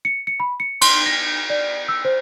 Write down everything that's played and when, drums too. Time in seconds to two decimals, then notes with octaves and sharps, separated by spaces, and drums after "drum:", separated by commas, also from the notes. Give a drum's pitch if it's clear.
0.05 C#7
0.27 C#7
0.40 B5
0.60 C#7
0.81 C6, drum: cymbal
1.06 A#6
1.50 D5
1.88 E6
2.05 C5